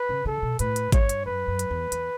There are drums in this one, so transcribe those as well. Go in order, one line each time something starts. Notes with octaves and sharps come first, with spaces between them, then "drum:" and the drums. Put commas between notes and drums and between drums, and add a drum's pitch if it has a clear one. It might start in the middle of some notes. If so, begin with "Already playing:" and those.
Already playing: B4
C#3
C#3 A4
B2
A2 B4, drum: hi-hat
drum: hi-hat
G2 C#5, drum: kick G#1, hi-hat
drum: hi-hat
F#2 B4
F#2
drum: hi-hat
E2
E2, drum: hi-hat